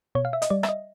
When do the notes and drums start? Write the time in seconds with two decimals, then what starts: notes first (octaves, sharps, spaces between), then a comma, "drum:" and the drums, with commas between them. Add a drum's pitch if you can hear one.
0.15 B2 C#5
0.25 F5
0.33 E5
0.42 D#5, drum: hi-hat
0.50 G3 D5
0.63 E5, drum: rim click
0.69 D#5